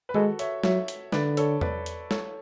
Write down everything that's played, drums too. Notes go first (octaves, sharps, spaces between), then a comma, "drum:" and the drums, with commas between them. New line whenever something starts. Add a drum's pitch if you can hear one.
B4
G#3 F#4 A4, drum: tom D#3
C#5 E5, drum: hi-hat
F#3 C#5 E5, drum: snare
drum: hi-hat
D3 B4 D5, drum: snare
A4 C#5, drum: hi-hat
B4 D5, drum: tom E2
drum: hi-hat
A4 C#5, drum: snare